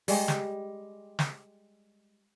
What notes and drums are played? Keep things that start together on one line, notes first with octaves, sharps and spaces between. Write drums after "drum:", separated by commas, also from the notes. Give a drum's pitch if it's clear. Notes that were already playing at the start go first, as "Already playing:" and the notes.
G3 G#3, drum: open hi-hat
drum: snare
drum: snare